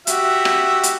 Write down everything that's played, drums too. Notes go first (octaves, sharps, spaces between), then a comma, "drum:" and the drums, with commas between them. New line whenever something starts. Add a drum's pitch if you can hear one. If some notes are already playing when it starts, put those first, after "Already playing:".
F#4 G4 E5, drum: hi-hat
drum: rim click
drum: hi-hat